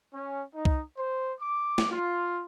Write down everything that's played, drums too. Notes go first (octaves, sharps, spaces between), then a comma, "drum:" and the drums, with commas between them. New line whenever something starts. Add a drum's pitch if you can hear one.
C#4
D#4
drum: kick C2
C5
D6
drum: snare
F4